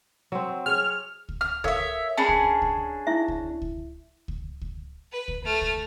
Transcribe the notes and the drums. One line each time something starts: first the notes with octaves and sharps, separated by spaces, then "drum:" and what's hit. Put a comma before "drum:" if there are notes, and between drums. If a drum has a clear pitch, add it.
F#3 C4
G#4 C#5 F6
drum: kick C#2
F6
A4 A#4 C#5 E5 F5, drum: kick C#2
C#4 D4 G#4 A5 B5
drum: kick C#2
drum: kick C#2
E4 E5
drum: kick C#2
drum: kick C#2
drum: kick C#2
drum: kick C#2
B4
drum: kick C#2
A3 F6
drum: kick C#2